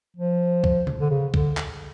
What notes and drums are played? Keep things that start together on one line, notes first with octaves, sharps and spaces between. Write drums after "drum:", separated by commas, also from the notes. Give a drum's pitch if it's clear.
F3
drum: kick
drum: tom B2
D3
C#3
D3, drum: kick
drum: clap